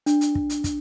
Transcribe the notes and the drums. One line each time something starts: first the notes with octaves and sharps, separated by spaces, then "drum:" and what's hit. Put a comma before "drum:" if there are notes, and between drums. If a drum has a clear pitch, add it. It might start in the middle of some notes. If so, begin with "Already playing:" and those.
D4, drum: hi-hat
drum: hi-hat
drum: kick
drum: hi-hat
drum: kick, hi-hat